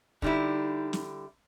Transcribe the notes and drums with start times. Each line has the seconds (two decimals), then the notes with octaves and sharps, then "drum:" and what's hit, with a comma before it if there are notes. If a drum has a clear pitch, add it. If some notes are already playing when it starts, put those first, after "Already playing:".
0.22 D3 G3 D#4 E4, drum: kick
0.93 drum: snare